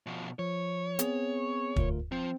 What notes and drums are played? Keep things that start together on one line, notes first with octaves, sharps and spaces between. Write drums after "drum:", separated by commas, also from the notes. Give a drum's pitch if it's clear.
B2 F3
F3 C#5
B3 C4 G#4, drum: hi-hat
D2 F4 A#4, drum: kick
F3 C4